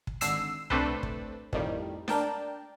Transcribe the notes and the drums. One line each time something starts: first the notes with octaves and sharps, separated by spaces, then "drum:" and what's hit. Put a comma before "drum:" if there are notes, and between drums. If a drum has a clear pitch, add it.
drum: kick
G#1 D3 E6 C7, drum: hi-hat
A3 C4 D4 A4 B4 C5, drum: tom C2
drum: kick
F2 A2 D#3 G3, drum: kick
D4 A#4 G5 A5, drum: snare D4